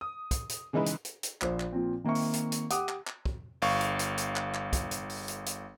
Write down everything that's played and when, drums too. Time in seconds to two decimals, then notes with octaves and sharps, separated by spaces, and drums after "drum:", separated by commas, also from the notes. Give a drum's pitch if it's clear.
0.01 D#6
0.31 drum: kick, hi-hat
0.49 drum: hi-hat
0.73 C#3 E3 G#3 D#4 E4 B4
0.86 drum: hi-hat
1.05 drum: hi-hat
1.23 drum: hi-hat
1.41 A#1 C5, drum: clap
1.60 drum: clap
1.73 A#2 F3 C4
2.04 D#3 A#3 C4 E5 C#6
2.15 drum: open hi-hat
2.33 drum: hi-hat
2.52 drum: hi-hat
2.70 G4 F#5 D6 D#6, drum: hi-hat
2.89 drum: clap
3.07 drum: clap
3.26 drum: kick
3.62 G1 F5 C#6, drum: open hi-hat
3.81 drum: hi-hat
3.99 drum: hi-hat
4.18 drum: hi-hat
4.36 drum: clap
4.54 drum: clap
4.73 drum: kick, hi-hat
4.91 drum: hi-hat
5.10 drum: open hi-hat
5.28 drum: hi-hat
5.46 drum: hi-hat